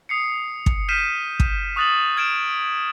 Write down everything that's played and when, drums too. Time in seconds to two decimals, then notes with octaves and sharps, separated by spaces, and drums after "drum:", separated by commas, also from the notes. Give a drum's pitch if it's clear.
0.09 D#6 C7 C#7
0.66 drum: kick
0.89 F6 G6 B6 C7 D#7 E7
1.40 drum: kick
1.76 C#6 D#6 F#6 A6 E7 F#7
2.16 F6 G#6 D7 E7